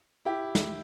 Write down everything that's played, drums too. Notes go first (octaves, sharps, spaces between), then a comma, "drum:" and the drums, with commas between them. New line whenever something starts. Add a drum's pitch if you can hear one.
E4 G4
drum: snare